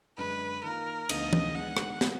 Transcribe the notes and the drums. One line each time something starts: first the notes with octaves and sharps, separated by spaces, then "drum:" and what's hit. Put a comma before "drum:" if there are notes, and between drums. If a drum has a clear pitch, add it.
F#2 D3 G#3 D4 B4
D#3 A#3 F4 A#4
D2 D3 F3 B3 D#4 D#5, drum: cymbal
drum: tom
D#3 G#3 B3 D4 G#4 F#5
drum: rim click
F#3 B3 F4 A#4, drum: snare